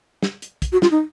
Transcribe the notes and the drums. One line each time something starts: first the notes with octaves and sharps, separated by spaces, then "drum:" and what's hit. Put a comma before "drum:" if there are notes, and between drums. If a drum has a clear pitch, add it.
drum: snare
drum: hi-hat
drum: kick, hi-hat
F#4
F4, drum: snare
D#4